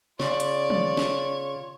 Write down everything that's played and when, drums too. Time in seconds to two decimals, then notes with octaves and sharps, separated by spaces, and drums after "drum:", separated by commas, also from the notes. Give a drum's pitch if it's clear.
0.20 C#3 F4 C#5 D5, drum: snare
0.40 drum: hi-hat
0.70 drum: tom
0.97 drum: snare